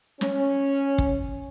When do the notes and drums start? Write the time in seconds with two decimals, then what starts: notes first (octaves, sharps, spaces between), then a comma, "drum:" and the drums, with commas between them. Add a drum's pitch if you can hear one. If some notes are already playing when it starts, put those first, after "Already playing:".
0.21 C#4, drum: snare
0.98 drum: kick